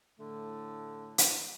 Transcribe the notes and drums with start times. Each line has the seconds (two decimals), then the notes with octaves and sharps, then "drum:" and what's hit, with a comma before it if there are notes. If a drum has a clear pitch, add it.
0.20 A2 D3 A3
1.18 drum: hi-hat